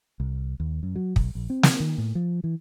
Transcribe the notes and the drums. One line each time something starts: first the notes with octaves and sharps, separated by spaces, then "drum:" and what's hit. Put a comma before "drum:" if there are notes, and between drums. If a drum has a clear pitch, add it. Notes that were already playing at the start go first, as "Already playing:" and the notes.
C2
D#2
F#2
F#3
B1, drum: kick
A#1
C4
drum: snare
D#3
A2
F3
E3